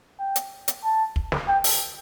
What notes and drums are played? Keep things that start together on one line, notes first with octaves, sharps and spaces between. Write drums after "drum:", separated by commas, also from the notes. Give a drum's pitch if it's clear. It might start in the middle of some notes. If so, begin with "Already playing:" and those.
G5
drum: hi-hat
drum: hi-hat
A5
drum: kick
drum: snare
G5
drum: open hi-hat